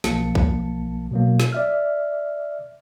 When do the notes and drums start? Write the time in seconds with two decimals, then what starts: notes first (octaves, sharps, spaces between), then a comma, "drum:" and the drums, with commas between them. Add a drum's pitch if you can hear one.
0.04 B1 F3 A#3 A5 C#7, drum: snare
0.35 drum: kick
1.11 B2 F#3 A#3
1.40 drum: snare
1.52 D5 E5 F6